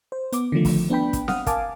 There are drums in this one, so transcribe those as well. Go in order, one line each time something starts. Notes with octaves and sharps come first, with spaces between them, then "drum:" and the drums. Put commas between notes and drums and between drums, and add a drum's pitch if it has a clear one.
C5
B3 D6, drum: hi-hat
D3 D#3 F3 A3
drum: kick, open hi-hat
B3 D4 B4 G5 B5
drum: kick, hi-hat
F5 F#5 D#6 F6, drum: snare C4
A#4 F5 G#5 A5 D6, drum: kick, hi-hat